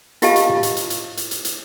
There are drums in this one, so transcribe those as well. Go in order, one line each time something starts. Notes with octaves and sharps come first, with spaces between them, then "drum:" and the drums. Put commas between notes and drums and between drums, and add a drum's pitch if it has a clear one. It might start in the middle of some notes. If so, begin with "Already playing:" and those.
E4 F4 G4 D#5 F5 A5, drum: hi-hat
drum: hi-hat
drum: tom
drum: hi-hat
drum: hi-hat
drum: hi-hat
drum: hi-hat
drum: hi-hat
drum: hi-hat